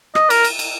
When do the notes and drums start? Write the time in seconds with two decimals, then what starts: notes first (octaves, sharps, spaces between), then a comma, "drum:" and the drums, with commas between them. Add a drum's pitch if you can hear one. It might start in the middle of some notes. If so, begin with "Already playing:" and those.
0.15 D#5, drum: rim click
0.30 A#4, drum: cymbal
0.44 drum: cymbal
0.59 drum: cymbal